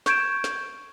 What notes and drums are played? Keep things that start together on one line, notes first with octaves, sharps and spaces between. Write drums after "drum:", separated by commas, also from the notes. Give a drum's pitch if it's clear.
C#6 G6 G#6 D7 E7, drum: snare
drum: snare